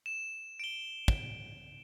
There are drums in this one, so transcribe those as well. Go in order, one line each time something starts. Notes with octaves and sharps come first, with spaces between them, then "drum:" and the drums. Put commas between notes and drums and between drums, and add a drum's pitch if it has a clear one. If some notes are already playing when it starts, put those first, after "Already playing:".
E7
D7 G7
drum: kick